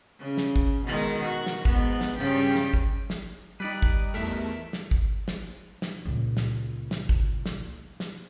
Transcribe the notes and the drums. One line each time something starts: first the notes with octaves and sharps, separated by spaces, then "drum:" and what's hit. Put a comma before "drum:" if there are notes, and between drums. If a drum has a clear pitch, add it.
C#3
drum: snare
drum: kick
B2 D#3 G#3
F#4
drum: snare
G#2 B3, drum: kick
drum: snare
G2 C#3 G4
drum: snare
drum: kick
drum: snare
G3 D#4 B4 D5
drum: kick
E2 A3 A#4 E5
drum: snare
drum: kick
drum: snare
drum: snare
C#2 A#2
drum: snare
drum: snare
drum: kick
drum: snare
drum: snare